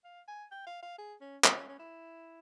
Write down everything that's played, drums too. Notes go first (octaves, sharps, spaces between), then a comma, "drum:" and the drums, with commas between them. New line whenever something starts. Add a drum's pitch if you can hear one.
F5
G#5
G5
F5
F5
G#4
C#4
C#4, drum: clap
C#4
C#4
E4